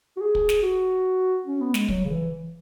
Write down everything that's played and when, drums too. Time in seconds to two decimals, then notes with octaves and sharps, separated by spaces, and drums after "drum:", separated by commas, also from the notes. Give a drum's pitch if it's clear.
0.17 F#4
0.21 G#4
0.35 drum: kick
0.49 drum: snare
0.63 F#4
1.46 C#4
1.61 B3
1.74 G#3, drum: snare
1.88 F#3, drum: kick
2.04 C#3
2.10 E3